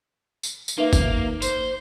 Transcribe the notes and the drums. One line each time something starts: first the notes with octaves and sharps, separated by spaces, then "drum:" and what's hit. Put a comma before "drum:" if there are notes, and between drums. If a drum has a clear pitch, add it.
drum: tambourine
drum: tambourine
A#3 D#4 B4 E5
drum: kick G#1, tambourine
C5, drum: tambourine